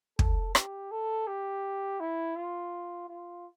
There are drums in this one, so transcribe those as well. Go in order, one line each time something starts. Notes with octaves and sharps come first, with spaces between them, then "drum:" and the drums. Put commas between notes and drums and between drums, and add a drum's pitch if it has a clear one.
A4, drum: kick
G4, drum: rim click
A4
G4
E4
F4
F4